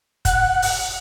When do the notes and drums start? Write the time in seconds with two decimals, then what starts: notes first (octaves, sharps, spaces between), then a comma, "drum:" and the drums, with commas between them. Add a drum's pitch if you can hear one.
0.25 F#5, drum: kick, hi-hat
0.62 drum: open hi-hat